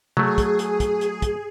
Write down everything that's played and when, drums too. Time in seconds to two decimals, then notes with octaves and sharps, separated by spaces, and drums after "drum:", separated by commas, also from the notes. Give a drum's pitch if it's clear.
0.17 F#3 A3 G#4, drum: tom C3
0.38 drum: kick, hi-hat
0.59 drum: hi-hat
0.80 drum: kick, hi-hat
1.01 drum: hi-hat
1.22 drum: kick, hi-hat